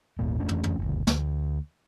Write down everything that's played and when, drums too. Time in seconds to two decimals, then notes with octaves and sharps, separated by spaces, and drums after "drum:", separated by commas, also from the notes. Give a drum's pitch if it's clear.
0.19 G#1 D#2 A#2 A#3
0.39 F2 A3 C#4 D4
0.48 drum: tom
0.63 drum: tom
0.79 F#1 D2
1.07 D2, drum: snare